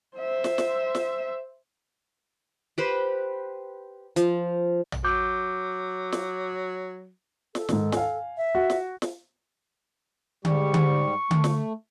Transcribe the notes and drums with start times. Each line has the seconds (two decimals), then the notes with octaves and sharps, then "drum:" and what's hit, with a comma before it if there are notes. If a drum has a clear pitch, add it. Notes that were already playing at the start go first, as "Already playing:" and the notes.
0.17 C5 E5
0.44 drum: snare
0.58 drum: snare
0.95 drum: snare
2.78 G4 B4 C5
4.16 F3, drum: hi-hat
4.92 drum: tom A#1
5.04 F#3 D6 G6
6.12 drum: snare
7.55 A4, drum: snare
7.69 G#2 D#3, drum: snare
7.92 F5 G#5, drum: snare
8.37 E5
8.55 F#4
8.70 drum: snare
9.02 drum: snare
10.45 G#2 G3 G4 C#6, drum: tom D3
10.74 drum: tom D3
11.31 A3, drum: tom D3
11.44 drum: snare